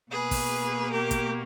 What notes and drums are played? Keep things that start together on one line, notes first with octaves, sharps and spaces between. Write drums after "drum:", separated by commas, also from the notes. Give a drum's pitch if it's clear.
B2 A#3 G#4 B4
drum: kick, open hi-hat
G4 A#4
drum: kick, hi-hat